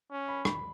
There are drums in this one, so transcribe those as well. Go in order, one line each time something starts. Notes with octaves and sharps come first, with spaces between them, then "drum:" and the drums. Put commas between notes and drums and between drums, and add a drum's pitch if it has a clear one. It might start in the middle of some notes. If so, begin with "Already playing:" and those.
C#4
B5
B5, drum: rim click